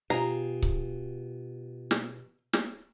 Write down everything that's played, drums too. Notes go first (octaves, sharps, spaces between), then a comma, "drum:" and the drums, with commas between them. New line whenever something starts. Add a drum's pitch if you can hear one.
B2 F4 G4 G#4 A#5
drum: kick C#1
drum: snare
drum: snare